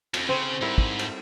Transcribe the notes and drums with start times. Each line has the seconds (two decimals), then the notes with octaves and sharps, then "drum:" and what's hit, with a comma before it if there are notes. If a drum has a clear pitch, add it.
0.14 F2, drum: cymbal
0.29 C#3 C4
0.61 G#2 G3 E4 A#4
0.78 drum: kick
0.99 drum: cymbal